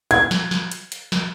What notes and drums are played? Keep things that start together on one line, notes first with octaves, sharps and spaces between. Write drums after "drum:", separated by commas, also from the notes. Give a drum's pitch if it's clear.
G#6, drum: hi-hat
drum: snare
drum: snare
drum: hi-hat
drum: hi-hat
drum: snare